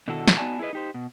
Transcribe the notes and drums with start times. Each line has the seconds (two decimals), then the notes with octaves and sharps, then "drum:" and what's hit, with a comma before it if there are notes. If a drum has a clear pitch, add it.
0.08 B2 D3 D#3 E4 F#4 A4
0.28 drum: snare
0.38 B3 D#4 F#4 D5 G#5 A5
0.59 E4 G#4 A4 B4 D#5
0.73 D#4 G4 C5
0.94 B2